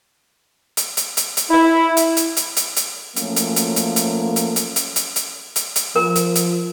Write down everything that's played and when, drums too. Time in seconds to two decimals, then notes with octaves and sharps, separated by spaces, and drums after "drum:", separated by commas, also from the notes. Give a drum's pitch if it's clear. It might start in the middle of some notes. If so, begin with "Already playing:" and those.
0.77 drum: hi-hat
0.97 drum: hi-hat
1.17 drum: hi-hat
1.37 drum: hi-hat
1.51 E4
1.97 drum: hi-hat
2.17 drum: hi-hat
2.37 drum: hi-hat
2.57 drum: hi-hat
2.77 drum: hi-hat
3.16 F3 F#3 A3 A#3 C#4, drum: hi-hat
3.36 drum: hi-hat
3.56 drum: hi-hat
3.76 drum: hi-hat
3.96 drum: hi-hat
4.36 drum: hi-hat
4.56 drum: hi-hat
4.76 drum: hi-hat
4.96 drum: hi-hat
5.16 drum: hi-hat
5.56 drum: hi-hat
5.76 drum: hi-hat
5.96 F3 A#4
6.16 drum: hi-hat
6.36 drum: hi-hat